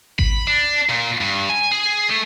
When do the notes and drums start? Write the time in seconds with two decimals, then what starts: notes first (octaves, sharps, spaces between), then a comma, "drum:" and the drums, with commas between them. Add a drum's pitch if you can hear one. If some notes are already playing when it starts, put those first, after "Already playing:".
0.19 B5, drum: kick G#1
0.47 D4
0.89 A#2
1.21 G2
1.49 G#5
1.71 G#4
2.10 A3